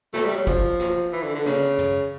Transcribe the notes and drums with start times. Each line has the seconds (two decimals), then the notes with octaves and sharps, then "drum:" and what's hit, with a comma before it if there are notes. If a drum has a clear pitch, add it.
0.14 A3, drum: snare
0.25 G3
0.36 F#3
0.47 F3, drum: kick
0.79 drum: snare
1.13 E3
1.23 D3
1.35 D3
1.46 C#3, drum: snare
1.78 drum: tom